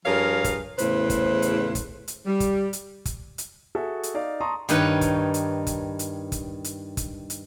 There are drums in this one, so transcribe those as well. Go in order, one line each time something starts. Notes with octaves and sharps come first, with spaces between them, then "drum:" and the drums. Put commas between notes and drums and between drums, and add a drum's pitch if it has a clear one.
G2 F3 G#4 A#4 C#5 F5
drum: kick, hi-hat
E2 A2 C#3 B4 C5, drum: hi-hat
drum: kick, hi-hat
drum: hi-hat
drum: kick, hi-hat
drum: hi-hat
G3
drum: kick, hi-hat
drum: hi-hat
drum: kick, hi-hat
drum: hi-hat
F#4 G#4 A4 E5
drum: hi-hat
D#4 D5 F5
A5 A#5 C6 C#6 D#6
G2 D#3 D#4 B4 C#5, drum: hi-hat
drum: kick, hi-hat
drum: hi-hat
drum: kick, hi-hat
drum: hi-hat
drum: kick, hi-hat
drum: hi-hat
drum: kick, hi-hat
drum: hi-hat